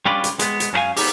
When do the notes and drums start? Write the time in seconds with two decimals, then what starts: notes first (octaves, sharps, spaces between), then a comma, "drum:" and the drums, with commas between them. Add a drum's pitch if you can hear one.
0.05 G3 C#4 D4 F4 B4 D5
0.24 drum: hi-hat
0.39 G#3 B3, drum: hi-hat
0.60 drum: hi-hat
0.73 F#2 C#4 D4 A#4 F5 G#5
0.96 B3 D#4 G4, drum: open hi-hat